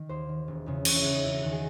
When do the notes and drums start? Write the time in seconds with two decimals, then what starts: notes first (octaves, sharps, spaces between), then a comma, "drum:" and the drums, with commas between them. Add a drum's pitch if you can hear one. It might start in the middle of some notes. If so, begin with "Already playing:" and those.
Already playing: D#3
0.09 D#2 C5
0.29 D#3
0.48 E1
0.66 E2 C#3
0.85 E1 C#5, drum: cymbal
0.95 E4
1.05 E2 C#3 F#4
1.15 D#4
1.24 E1 E4
1.34 E4
1.42 E2 D#3 F#4
1.52 G#4